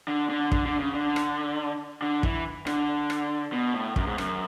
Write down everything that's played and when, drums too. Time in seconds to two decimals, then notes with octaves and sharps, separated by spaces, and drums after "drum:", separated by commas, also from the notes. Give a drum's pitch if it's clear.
0.08 D3
0.29 D3
0.52 D3, drum: kick
0.66 D3
0.80 C#3
0.94 D3
1.16 drum: rim click
2.02 D3
2.23 E3, drum: kick
2.67 D3, drum: rim click
3.10 drum: rim click
3.52 B2
3.74 A2
3.96 F#2, drum: kick
4.07 G#2
4.18 F#2, drum: rim click